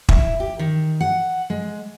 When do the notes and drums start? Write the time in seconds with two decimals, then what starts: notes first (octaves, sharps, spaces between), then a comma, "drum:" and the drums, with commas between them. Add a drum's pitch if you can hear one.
0.09 E4, drum: kick
0.40 G4
0.59 D#3
1.00 F#5
1.50 G#3